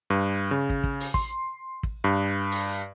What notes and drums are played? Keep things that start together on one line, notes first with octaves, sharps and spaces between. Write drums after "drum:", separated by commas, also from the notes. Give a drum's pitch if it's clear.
G2
C#3
drum: kick
drum: kick
drum: open hi-hat
C6, drum: kick
drum: kick
G2
drum: open hi-hat